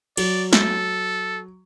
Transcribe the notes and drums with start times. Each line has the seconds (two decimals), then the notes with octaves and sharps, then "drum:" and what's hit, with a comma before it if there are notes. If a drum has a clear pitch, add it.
0.17 F#3 D5, drum: cymbal
0.53 A4, drum: snare